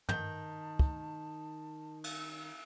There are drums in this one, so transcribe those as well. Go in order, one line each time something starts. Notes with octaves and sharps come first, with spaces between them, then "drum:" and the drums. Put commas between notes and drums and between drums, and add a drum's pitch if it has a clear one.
D#3 A5 G6, drum: tom
drum: kick
drum: cymbal